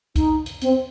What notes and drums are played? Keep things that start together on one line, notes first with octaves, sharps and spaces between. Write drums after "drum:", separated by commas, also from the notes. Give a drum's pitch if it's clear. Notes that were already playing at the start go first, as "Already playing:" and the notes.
D#4, drum: kick, hi-hat
drum: hi-hat
C4, drum: hi-hat